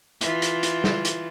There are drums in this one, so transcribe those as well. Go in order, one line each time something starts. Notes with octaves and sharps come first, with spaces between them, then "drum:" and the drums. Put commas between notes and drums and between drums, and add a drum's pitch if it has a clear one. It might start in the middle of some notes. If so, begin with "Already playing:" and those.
E3 F4, drum: hi-hat
drum: hi-hat
drum: hi-hat
drum: snare
drum: hi-hat